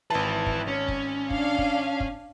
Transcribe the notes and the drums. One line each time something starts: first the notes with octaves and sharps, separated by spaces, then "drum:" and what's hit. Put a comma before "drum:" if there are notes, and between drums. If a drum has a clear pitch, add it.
G#1 E4 B4 A5
drum: kick
C#4
drum: kick
D4 F5, drum: kick
drum: kick
drum: kick